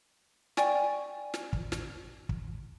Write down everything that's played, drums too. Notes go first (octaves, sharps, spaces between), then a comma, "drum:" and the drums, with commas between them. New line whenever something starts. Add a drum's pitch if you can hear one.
D5 G5 G#5 C#6, drum: snare
drum: snare
drum: kick
drum: snare
drum: kick